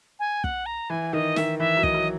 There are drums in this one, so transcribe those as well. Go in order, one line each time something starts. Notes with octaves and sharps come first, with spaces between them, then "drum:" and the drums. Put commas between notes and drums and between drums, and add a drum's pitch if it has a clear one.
G#5
F#5, drum: kick
A#5
E3 G#5
D#3 D#5
D#3 E5, drum: snare
E3 E5
F#3
D#5, drum: kick
F#3